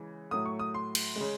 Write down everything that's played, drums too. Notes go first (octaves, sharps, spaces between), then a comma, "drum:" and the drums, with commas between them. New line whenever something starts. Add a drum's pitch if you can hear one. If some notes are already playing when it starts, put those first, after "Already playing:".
Already playing: C#3 E3 G#3
A2 F#3 A3 D#6
C#6
D#6
C6
drum: cymbal
C#3 G#3